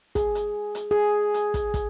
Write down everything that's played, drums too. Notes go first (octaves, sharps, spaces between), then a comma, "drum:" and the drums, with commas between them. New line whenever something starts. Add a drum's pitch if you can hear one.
G#4, drum: kick, hi-hat
drum: hi-hat
drum: hi-hat
G#4
drum: hi-hat
drum: kick, hi-hat
drum: kick, hi-hat